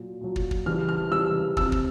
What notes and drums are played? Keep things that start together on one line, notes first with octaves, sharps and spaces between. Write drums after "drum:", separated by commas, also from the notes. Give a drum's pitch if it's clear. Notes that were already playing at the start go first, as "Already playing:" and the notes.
Already playing: A#2 F#3
A#2 F#3
drum: kick
drum: kick
C#3 E3 G3 F6
F6
C#3 E3 G3 E6
C3 F3 E6, drum: kick
drum: kick